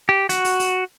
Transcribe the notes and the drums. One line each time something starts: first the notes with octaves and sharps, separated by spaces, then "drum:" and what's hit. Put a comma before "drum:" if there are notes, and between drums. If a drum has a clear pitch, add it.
G4
F#4, drum: hi-hat
drum: open hi-hat
drum: open hi-hat